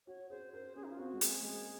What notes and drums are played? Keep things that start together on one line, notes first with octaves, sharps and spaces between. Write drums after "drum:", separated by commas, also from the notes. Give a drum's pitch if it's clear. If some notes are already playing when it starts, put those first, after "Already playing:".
F#4 C#5
G#4 C5
A#4 C5
C#4 G#4
D#4
F4
C4 F#4
G#3
A#3 G#4, drum: hi-hat
G#3 G#4